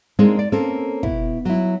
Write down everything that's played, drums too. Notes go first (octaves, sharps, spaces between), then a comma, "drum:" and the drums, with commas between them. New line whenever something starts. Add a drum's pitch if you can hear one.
G#3 A#3 C4 D4 D#4 G#4
D5
A#3 C4 C#4 A4
B2 E4, drum: kick
F#3 E4